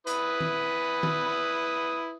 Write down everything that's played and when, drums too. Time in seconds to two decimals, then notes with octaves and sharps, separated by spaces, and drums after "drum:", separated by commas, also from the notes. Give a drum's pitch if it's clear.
0.07 E4 B4 D#6, drum: hi-hat
0.41 drum: tom D#3
1.03 drum: tom D#3